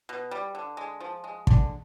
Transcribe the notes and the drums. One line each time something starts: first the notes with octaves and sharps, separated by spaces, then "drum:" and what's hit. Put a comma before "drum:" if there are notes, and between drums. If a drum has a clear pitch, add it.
B2
G3
D3
G#3
F3
G#3
D3, drum: kick